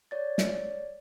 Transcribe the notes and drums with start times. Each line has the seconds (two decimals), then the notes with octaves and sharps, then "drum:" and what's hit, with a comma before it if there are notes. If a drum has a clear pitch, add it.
0.11 C#5 D5 A6
0.38 drum: snare